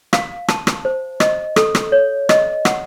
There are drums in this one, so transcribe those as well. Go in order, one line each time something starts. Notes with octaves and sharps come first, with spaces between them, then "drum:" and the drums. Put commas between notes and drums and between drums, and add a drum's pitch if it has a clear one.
F5, drum: rim click
A5, drum: rim click
drum: rim click
C5
D#5, drum: rim click
A4, drum: rim click
drum: rim click
C#5
D#5, drum: rim click
F#5, drum: rim click